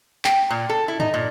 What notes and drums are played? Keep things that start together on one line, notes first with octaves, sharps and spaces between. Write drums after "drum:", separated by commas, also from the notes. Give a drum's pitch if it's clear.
G5, drum: clap
A#2
A4
E4
D#4, drum: tom G2
A#2